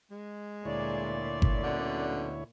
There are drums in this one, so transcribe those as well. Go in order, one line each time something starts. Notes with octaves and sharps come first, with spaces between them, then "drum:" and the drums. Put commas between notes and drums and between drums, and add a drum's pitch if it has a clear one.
G#3
D2 A#2 E4 C#5 D5
drum: kick G1
F#2 B2 D3